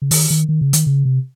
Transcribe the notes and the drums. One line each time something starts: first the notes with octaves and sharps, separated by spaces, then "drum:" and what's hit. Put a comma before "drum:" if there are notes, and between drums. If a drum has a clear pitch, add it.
C#3
D#3, drum: open hi-hat
D#3
D#3
C#3
D#3, drum: hi-hat
C#3
C3